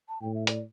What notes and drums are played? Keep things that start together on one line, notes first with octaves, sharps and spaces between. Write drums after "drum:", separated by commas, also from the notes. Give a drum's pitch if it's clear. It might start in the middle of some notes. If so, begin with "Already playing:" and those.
A5
A2 G5
E5
D5, drum: hi-hat